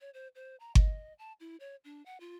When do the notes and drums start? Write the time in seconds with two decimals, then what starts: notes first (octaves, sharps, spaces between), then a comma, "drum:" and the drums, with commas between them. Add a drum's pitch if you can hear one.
0.01 C#5
0.14 C5
0.35 C5
0.60 A#5
0.75 D#5, drum: kick G1
1.19 A5
1.40 E4
1.60 C#5
1.84 D4
2.06 F#5
2.20 F4